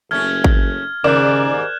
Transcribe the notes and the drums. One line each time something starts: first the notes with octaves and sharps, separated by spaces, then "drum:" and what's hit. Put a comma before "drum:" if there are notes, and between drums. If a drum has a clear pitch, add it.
F#1 A3 C#4 F6 G#6
drum: kick G#1
D#2 G#2 C#3 A#4 D5 F#6 G6 E7